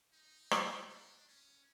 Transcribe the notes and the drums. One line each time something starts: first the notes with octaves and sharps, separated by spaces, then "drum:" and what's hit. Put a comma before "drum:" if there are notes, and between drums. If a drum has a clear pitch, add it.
D#4
drum: rim click
D4
C#4